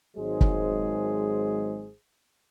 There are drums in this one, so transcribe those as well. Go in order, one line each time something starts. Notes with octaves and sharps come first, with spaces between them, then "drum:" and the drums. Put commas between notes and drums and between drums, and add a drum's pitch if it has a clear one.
G#1 G#2 F#3 G#3 G#4 C5
drum: kick